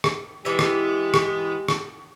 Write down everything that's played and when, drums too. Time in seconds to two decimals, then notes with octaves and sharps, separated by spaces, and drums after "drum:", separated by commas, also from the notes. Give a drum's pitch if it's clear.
0.04 drum: rim click
0.45 E3 G#3 B3 G4 E5
0.59 drum: rim click
1.14 drum: rim click
1.68 drum: rim click